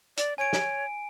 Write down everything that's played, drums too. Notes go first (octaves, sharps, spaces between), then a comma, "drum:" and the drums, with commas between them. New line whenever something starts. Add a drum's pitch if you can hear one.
D5, drum: hi-hat
C#5 G#5 D7
drum: snare